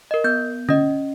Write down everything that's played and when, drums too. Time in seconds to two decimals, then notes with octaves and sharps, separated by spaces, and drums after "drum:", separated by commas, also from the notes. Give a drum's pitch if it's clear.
0.11 A#4 D#5
0.24 B3 G6
0.69 C#4 D#5, drum: tom D3